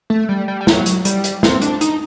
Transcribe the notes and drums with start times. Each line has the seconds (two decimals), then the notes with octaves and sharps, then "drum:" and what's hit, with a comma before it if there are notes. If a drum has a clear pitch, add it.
0.10 A3
0.29 G3
0.48 G3
0.61 G3
0.67 F#3, drum: snare
0.86 drum: hi-hat
1.05 G3, drum: hi-hat
1.24 drum: hi-hat
1.43 C4, drum: snare
1.62 D4, drum: hi-hat
1.81 D#4, drum: hi-hat